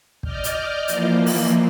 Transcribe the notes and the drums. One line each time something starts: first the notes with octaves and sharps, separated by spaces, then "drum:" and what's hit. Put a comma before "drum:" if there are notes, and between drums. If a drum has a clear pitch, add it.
D5 D#5 F6 G6, drum: kick
drum: hi-hat
E3 F3 A#3, drum: hi-hat
drum: open hi-hat